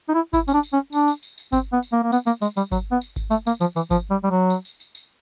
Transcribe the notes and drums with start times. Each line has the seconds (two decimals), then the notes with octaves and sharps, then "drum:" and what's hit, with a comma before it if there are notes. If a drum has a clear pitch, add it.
0.09 D#4
0.14 E4
0.33 E4, drum: kick G1, tambourine
0.48 C#4, drum: tambourine
0.53 D4
0.63 drum: tambourine
0.73 C#4
0.92 D4, drum: tambourine
1.08 drum: tambourine
1.23 drum: tambourine
1.38 drum: tambourine
1.52 C4, drum: kick G1, tambourine
1.73 B3
1.82 drum: tambourine
1.92 A#3
2.03 A#3
2.12 B3, drum: tambourine
2.26 A#3, drum: tambourine
2.42 G#3, drum: tambourine
2.57 G3, drum: tambourine
2.72 F#3, drum: kick G1, tambourine
2.92 B3
3.01 drum: tambourine
3.16 drum: kick G1, tambourine
3.31 A3, drum: tambourine
3.47 A#3, drum: tambourine
3.61 F3, drum: tambourine
3.76 E3, drum: tambourine
3.91 F3, drum: kick G1, tambourine
4.10 G3
4.24 G3
4.31 F#3
4.50 drum: tambourine
4.65 drum: tambourine
4.80 drum: tambourine
4.95 drum: tambourine